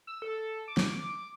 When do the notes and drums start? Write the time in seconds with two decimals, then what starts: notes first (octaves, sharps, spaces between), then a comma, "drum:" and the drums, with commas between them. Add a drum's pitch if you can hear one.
0.07 E6
0.22 A4
0.68 D6
0.77 drum: snare